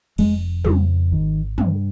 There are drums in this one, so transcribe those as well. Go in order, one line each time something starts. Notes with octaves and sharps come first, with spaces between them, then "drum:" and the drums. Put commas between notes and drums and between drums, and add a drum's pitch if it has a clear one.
F1 G#3, drum: cymbal
F2 C#3 G3, drum: tom
G#1 D#3
G2, drum: tom